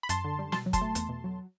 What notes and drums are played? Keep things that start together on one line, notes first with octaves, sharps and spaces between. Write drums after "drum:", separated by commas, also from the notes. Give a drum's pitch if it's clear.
B5
F#2 A5 C6, drum: hi-hat
D3
G3
B2 A5 C6, drum: snare
F#3
A5 C6, drum: kick F#1, hi-hat
A3
E2, drum: hi-hat
B2
F#3